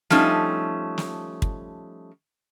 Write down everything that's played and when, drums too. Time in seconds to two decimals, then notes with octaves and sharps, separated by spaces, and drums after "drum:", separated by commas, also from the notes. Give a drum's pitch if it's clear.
0.10 F3 G3 A3 C#4 D#4, drum: snare
0.98 drum: snare
1.42 drum: kick